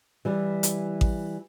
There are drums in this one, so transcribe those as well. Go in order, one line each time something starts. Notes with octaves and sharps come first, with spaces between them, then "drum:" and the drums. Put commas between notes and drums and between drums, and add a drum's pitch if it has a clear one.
E3 G3
drum: hi-hat
drum: kick A1